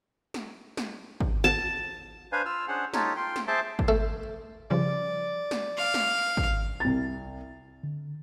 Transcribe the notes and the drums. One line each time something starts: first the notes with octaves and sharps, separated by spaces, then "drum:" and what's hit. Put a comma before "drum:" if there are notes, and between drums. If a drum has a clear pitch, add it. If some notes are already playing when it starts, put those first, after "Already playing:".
drum: snare
drum: snare
drum: kick
A5
D4 B4 C5 F5 G#5
F4 E6 F6
C#4 D4 G#4 C5 F#5
D#4 F4 G4 A4 C#5, drum: snare
F4 G5 C6
drum: snare
G#4 C5 E5 A5 C6 D6
drum: kick
A3
C#3 F3 G3 D5
drum: snare
F5
drum: snare
drum: kick
C2 A6
D3